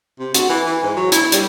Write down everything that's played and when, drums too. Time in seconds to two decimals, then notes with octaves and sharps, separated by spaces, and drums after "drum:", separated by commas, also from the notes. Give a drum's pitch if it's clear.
0.20 C3
0.34 F#4, drum: hi-hat
0.49 E3
0.66 E3
0.83 G#2
0.96 F#3
1.12 E4, drum: hi-hat
1.32 G3, drum: hi-hat